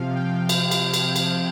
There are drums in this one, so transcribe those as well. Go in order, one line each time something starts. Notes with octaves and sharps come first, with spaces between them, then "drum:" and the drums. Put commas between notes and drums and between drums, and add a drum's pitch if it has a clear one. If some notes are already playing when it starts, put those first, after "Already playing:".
Already playing: C3 F3 F5
G5
drum: cymbal
drum: cymbal
drum: cymbal
drum: cymbal